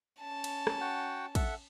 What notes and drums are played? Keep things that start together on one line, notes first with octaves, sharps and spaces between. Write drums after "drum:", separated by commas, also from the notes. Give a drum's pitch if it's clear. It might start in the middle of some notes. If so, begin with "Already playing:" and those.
C#4 A5
drum: cymbal
drum: rim click
F#4 F#5 G5
A4 E5 F#5, drum: kick, cymbal